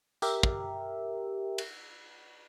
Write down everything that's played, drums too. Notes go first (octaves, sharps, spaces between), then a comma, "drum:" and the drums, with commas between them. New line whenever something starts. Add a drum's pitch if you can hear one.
G4 A#4 E5, drum: tambourine
drum: kick
drum: cymbal